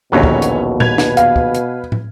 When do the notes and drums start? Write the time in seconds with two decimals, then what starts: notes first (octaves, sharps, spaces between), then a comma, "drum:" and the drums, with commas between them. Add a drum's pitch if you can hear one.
0.12 A#1 D#2 B2 D3 F#3 B3 C#4
0.23 drum: kick
0.42 drum: hi-hat
0.80 B4 G#6 F7, drum: tom A#2
0.98 drum: snare
1.17 F5, drum: hi-hat
1.36 drum: kick
1.55 drum: hi-hat
1.92 drum: tom